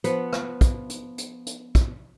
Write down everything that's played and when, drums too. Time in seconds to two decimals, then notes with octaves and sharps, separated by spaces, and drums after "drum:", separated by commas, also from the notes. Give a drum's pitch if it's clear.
0.04 F3 B3 B4 F#5, drum: hi-hat
0.33 drum: rim click
0.61 drum: kick, hi-hat
0.90 drum: hi-hat
1.18 drum: hi-hat
1.46 drum: hi-hat
1.75 drum: kick, hi-hat